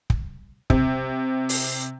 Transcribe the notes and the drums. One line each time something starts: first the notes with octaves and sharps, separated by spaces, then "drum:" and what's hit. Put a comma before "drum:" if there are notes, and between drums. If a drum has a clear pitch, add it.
drum: kick
C3, drum: kick
drum: open hi-hat